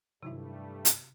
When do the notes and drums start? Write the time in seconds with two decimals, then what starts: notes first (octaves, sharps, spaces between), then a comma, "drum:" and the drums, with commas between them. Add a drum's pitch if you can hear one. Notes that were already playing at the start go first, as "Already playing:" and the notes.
0.23 G2 C3 D#3 F#3 G3 A3 E4
0.85 drum: hi-hat